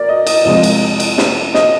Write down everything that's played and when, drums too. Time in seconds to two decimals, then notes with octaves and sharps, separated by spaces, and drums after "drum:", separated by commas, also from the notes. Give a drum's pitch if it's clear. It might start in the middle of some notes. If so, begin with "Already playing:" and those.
Already playing: A#4 D5
0.09 D#5
0.27 D#5, drum: cymbal
0.45 F2 C3 F3 G#3 D#5
0.63 drum: cymbal
1.00 drum: cymbal
1.18 drum: snare
1.54 D#5, drum: snare